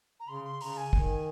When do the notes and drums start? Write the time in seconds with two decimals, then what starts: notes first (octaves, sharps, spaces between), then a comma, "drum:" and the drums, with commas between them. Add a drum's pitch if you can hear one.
0.20 A#5
0.28 C#3 C6
0.44 C6
0.61 C#3 A#5, drum: open hi-hat
0.77 G#5
0.93 D#3, drum: kick